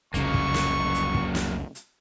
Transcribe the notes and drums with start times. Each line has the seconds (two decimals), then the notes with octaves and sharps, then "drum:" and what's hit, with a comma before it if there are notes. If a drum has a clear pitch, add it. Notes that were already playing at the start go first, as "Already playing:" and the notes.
0.14 F1 C2 C#3 F#3 A#3 C#6, drum: hi-hat
0.34 drum: kick
0.54 drum: snare
0.94 drum: hi-hat
1.15 drum: kick
1.35 drum: snare
1.75 drum: hi-hat